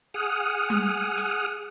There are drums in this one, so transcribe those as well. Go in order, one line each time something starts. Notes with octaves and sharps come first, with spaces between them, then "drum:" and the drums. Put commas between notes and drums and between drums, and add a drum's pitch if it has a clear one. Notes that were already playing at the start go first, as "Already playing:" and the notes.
G#4 F#5 D#6 F6
drum: tom G3
drum: hi-hat